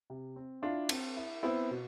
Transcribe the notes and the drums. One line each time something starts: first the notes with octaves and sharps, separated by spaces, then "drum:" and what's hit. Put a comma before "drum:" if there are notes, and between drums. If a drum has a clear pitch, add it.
C3
C4
D4 E4 F4
C4, drum: cymbal
E4
B3 C4 E4
B2